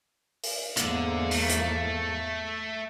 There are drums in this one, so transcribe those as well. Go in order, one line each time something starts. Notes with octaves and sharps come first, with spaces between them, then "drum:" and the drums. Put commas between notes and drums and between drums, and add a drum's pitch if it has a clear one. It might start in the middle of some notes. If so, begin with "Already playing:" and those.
drum: open hi-hat
E2 G#2 D3 A#3, drum: hi-hat
A3, drum: open hi-hat
drum: hi-hat